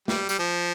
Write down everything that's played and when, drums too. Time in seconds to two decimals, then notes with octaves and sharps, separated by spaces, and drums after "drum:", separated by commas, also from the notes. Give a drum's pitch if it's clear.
0.08 G3, drum: snare
0.29 G3, drum: tambourine
0.39 F3